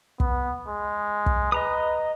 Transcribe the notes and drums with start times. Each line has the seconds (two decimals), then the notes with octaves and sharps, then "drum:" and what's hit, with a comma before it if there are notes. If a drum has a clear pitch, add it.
0.20 B3, drum: kick
0.68 G#3
1.26 drum: kick
1.52 B4 D#5 A#5 D#6